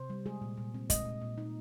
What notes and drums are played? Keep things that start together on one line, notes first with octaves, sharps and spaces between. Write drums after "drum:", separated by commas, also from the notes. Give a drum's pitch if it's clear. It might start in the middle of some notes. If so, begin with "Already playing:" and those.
Already playing: C3 C5
G3
G#3 G#4
A#2
A#2
C4
G#3 D#5, drum: kick, hi-hat
A#2
A#2
D#4